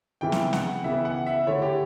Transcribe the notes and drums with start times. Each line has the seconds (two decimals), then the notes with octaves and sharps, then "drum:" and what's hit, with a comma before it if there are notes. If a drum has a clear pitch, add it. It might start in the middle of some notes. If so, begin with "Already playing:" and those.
0.21 C#3 E3 B3 E4 G5
0.32 drum: snare
0.53 F#5, drum: snare
0.84 C#3 E3 B3 E4 E5
1.05 F#5
1.26 E5
1.47 D3 A3 E4 C#5
1.62 G4